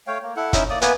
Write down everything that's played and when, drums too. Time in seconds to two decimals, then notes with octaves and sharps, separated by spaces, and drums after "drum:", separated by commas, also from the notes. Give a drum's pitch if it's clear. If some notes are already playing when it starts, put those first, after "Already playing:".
0.07 A3 C#5 F5 G5
0.23 A#3
0.36 E4 A4 F#5
0.53 C#4 D#4 E4 E5, drum: kick G1, hi-hat
0.70 A#3 D5 D#6
0.82 A#3 B3 B4 G#5, drum: hi-hat